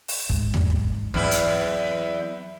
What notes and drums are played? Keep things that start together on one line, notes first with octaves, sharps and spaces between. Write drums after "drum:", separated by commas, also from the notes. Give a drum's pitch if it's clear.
drum: open hi-hat
G#2, drum: kick
drum: tom E2
drum: kick
E2 F#3 C4 E4
drum: hi-hat